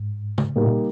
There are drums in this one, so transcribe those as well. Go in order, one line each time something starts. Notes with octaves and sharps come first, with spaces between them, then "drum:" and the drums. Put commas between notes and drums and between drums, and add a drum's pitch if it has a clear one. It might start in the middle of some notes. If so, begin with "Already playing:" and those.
Already playing: G#2
drum: tom C#3
A2 G3 A#3 D#4 G4 A#4
A#2